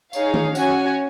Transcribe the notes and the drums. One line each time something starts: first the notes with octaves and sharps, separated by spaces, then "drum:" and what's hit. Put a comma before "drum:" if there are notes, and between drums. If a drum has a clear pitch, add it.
D#4 G#4 C#5 F5, drum: tambourine
drum: tom D#3
C#4 F#4 C#5 G#5, drum: tambourine